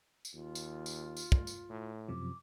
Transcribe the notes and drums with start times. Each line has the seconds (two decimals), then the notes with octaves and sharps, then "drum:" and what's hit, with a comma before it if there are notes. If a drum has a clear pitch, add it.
0.25 drum: tambourine
0.34 D#2 F4
0.55 drum: tambourine
0.86 drum: tambourine
1.17 drum: tambourine
1.32 drum: kick
1.47 drum: tambourine
1.69 A2
2.08 F#2 C3 F3 D6